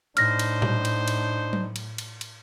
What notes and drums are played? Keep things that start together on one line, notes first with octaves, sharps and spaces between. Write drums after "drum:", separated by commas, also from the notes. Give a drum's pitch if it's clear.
A2 D4 D#4 C5 F6 A#6, drum: cymbal
drum: cymbal
drum: tom A#2
drum: cymbal
drum: cymbal
drum: tom F#3
drum: cymbal
drum: cymbal
drum: cymbal